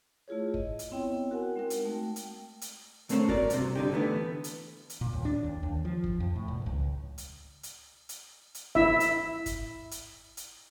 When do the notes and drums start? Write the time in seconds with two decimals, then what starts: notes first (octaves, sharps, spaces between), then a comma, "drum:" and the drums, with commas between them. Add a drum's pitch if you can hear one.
0.28 A3 E4 F4 G#4 C#5
0.54 D#5, drum: kick
0.79 drum: hi-hat
0.91 B3 C4 E4 C#5 G5
1.31 F#4 A#4 F#5 G#5
1.56 G#3 C4 D#4 F#4 A#4 G5
1.70 drum: hi-hat
1.85 A3 G5
2.16 drum: hi-hat
2.61 drum: hi-hat
3.09 D3 A3 A#3 C4 C#4, drum: hi-hat
3.28 F#4 A#4 D5, drum: kick
3.50 G2 C3, drum: hi-hat
3.76 D3 D#4 G4
3.92 D3 E3 A3 B3
4.44 drum: hi-hat
4.90 drum: hi-hat
5.01 A#2
5.13 D#2
5.25 D4
5.44 D#2
5.63 D#2
5.85 F3
6.04 drum: kick
6.20 F2
6.36 A2
6.48 E1
6.66 C#2
7.18 drum: hi-hat
7.63 drum: hi-hat
8.09 drum: hi-hat
8.55 drum: hi-hat
8.75 E4 E5, drum: kick
9.00 drum: hi-hat
9.46 drum: kick, hi-hat
9.91 drum: hi-hat
10.37 drum: hi-hat